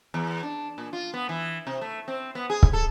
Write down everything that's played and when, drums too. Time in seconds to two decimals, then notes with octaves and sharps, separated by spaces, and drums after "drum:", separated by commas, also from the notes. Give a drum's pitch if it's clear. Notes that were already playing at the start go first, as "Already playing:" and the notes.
0.14 E2
0.43 D4
0.78 A#2
0.93 F4
1.14 B3
1.29 E3
1.67 C3
1.81 A3
2.08 C4
2.35 B3
2.50 G#4
2.63 drum: kick C#1
2.73 A4